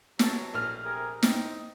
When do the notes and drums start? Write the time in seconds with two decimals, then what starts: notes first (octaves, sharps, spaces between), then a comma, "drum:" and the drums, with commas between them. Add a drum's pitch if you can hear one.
0.19 C3 E3 F#3 A4 A5, drum: snare
0.54 A#1 A3 F6
0.85 C3 G#4 A#4
1.23 C4 D#4, drum: snare